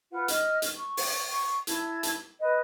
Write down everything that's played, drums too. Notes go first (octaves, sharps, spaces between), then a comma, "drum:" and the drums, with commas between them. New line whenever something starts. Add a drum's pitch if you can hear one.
F4 B4 F#5
D#5 F6, drum: hi-hat
drum: hi-hat
C#6
drum: open hi-hat
C#6
E4 A5 G#6, drum: hi-hat
drum: hi-hat
B4 D#5